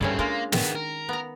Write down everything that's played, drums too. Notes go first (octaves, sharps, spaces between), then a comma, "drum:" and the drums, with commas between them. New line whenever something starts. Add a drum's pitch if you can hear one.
G2 C#3 C4 C#4 E4 A4
G#3 A#3 D4 F4 A#4
G#2 D#3 B3, drum: snare
A#4
B3 A#5